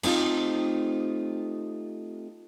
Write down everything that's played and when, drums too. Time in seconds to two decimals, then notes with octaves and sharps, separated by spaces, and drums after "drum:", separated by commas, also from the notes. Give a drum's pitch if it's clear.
0.03 A3 C4 D#4 F4 G4, drum: cymbal